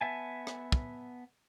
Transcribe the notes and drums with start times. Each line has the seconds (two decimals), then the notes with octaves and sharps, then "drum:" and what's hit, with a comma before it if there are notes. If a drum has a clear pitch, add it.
0.01 B3 E5 G#5 A5
0.47 drum: rim click
0.72 drum: kick